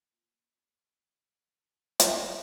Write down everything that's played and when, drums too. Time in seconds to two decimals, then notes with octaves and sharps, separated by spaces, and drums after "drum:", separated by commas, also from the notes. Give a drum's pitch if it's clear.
0.12 A#3 F4
2.00 drum: hi-hat